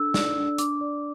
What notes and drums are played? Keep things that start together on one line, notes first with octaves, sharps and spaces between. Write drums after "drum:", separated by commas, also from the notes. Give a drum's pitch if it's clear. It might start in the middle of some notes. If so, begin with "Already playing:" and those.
Already playing: D4 A4 E6
D5, drum: snare
D4
D4 D6, drum: hi-hat
D5